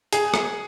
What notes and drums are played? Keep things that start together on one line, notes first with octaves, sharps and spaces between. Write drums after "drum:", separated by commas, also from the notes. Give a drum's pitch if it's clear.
G#4, drum: hi-hat
drum: rim click